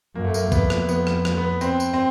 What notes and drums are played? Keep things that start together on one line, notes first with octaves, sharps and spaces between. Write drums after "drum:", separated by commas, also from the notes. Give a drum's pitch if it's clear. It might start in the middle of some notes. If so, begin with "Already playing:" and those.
F#2 A#3
A3
A#3, drum: tambourine
F2 B3, drum: kick B1, tambourine
drum: rim click
B3, drum: tambourine
drum: rim click
drum: rim click
B3
C4, drum: tambourine
drum: tambourine
C4